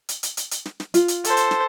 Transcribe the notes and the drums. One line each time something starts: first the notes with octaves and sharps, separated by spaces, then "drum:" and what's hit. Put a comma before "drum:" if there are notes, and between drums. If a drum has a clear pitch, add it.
drum: hi-hat
drum: hi-hat
drum: hi-hat
drum: hi-hat
drum: snare
drum: snare
F4, drum: hi-hat
drum: hi-hat
A4 C5, drum: hi-hat
drum: hi-hat
drum: snare